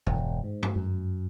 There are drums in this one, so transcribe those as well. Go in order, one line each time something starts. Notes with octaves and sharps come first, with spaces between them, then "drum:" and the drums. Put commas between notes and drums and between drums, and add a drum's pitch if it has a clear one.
E1, drum: tom G2
G#2
drum: tom G2
F#2